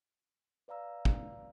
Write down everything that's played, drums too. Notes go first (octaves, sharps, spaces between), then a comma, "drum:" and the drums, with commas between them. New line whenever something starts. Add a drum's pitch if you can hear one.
B4 D5 F5 A#5 E6
drum: kick